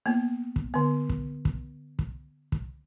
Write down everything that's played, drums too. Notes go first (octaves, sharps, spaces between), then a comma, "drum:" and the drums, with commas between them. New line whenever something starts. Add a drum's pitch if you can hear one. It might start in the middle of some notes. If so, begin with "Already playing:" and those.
A#3 B3
drum: kick
D3 B3
drum: kick
drum: kick
drum: kick
drum: kick